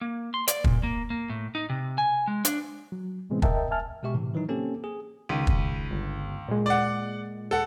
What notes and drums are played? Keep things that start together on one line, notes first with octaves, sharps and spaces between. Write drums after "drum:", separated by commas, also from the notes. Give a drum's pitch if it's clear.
A#3
C6
D5, drum: hi-hat
A#2, drum: kick
A#3
A#3
A2
D#4
C3
G#5
G#3
D4, drum: hi-hat
F#3
A2 C3 E3 G#3 B3 C4
A#4 D#5 E5 G5 A5, drum: kick
E5 G#5 A5 F6
B2 G#3 G4 E5 C#6
A2 C3 E3
D#3 E3 F#3 D#4
A#3 C4 C#4 G4 A4
G#4
C#2 D#3 B6 D#7
drum: kick
G1
A#2 G#3
D5 F#5
A4 F#5